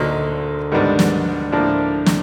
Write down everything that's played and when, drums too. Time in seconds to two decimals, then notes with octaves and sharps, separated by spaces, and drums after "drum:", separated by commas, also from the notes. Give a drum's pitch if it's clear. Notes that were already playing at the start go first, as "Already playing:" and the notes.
Already playing: D2 A#2 D3 F#3 A#3 D#4
0.72 G#2 D#3 G3 B3 D4
0.99 drum: snare
1.52 A2 F3 A#3 D4
2.06 drum: snare